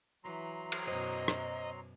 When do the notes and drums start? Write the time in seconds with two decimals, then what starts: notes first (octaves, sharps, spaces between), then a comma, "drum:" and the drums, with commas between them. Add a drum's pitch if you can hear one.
0.24 E3 F#3 A#5 C6
0.72 drum: cymbal
0.88 F#2 B2 C5 D#5
1.28 drum: rim click